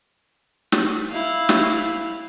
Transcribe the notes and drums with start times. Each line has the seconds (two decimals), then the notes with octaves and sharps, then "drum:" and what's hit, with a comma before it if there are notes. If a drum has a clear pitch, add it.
0.72 drum: snare
1.11 E4 F5
1.49 drum: snare